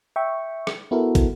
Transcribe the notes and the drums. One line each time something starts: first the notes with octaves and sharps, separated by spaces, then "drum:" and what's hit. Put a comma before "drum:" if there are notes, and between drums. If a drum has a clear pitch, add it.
E5 G5 C#6
drum: rim click
B3 E4 F#4 A4 A#4
drum: kick, hi-hat